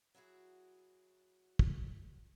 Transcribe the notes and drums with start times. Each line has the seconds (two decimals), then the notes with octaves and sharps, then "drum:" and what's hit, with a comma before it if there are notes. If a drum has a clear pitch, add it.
0.15 F#3 E4 F#4 G#4
1.59 drum: kick